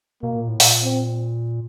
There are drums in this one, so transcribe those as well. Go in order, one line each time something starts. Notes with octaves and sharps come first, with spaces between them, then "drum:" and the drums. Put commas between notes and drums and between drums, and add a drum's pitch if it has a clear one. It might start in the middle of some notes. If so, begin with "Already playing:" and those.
B2 A#3
A#2
A2
A#2, drum: open hi-hat
C4